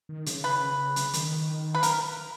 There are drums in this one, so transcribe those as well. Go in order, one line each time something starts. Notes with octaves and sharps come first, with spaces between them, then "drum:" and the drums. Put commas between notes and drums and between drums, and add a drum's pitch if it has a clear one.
D#3
C#3, drum: hi-hat
B4
drum: hi-hat
D#3, drum: hi-hat
B4
A#4, drum: hi-hat